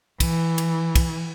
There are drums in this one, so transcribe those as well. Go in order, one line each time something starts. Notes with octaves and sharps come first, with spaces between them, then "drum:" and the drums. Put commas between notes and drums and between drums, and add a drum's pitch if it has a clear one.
E3, drum: kick, cymbal
drum: cymbal
drum: kick, cymbal